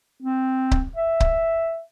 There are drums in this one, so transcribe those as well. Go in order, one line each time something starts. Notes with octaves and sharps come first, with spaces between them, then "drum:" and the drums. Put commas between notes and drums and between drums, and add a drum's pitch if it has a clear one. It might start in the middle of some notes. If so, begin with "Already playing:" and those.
C4
drum: kick C#1
E5
drum: kick C#1